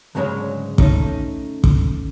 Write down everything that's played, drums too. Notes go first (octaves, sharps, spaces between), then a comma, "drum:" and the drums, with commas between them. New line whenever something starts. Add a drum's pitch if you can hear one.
D2 G#2 C#3 F#3 G#3 C#4
A3 C#4 D#4, drum: kick
drum: kick